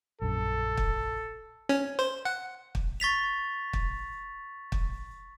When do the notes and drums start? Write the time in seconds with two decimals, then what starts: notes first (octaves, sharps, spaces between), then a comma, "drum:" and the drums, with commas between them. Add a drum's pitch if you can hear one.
0.22 A#1 F#2 A4
0.77 drum: kick
1.69 C#4
1.99 C5
2.25 F#5
2.75 drum: kick
3.00 C#6 A6 B6 F7
3.73 drum: kick
4.72 drum: kick